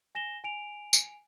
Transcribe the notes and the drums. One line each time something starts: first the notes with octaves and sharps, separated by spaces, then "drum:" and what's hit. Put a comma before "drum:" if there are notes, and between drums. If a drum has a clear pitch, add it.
G#5 A#6 E7 G7
G#5 D7 F7
drum: tambourine